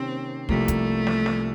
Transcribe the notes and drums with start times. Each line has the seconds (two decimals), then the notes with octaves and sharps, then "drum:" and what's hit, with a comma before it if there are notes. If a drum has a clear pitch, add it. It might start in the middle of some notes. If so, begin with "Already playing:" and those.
Already playing: C3 D#3 A#3 C4 C#4
0.49 C2 C3 F3 A3 A#3, drum: kick
0.68 drum: kick, hi-hat
1.07 drum: snare
1.26 drum: snare